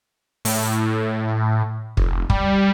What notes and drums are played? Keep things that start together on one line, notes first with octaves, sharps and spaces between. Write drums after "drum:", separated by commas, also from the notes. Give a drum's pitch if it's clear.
A2, drum: open hi-hat
F1, drum: kick
G3, drum: kick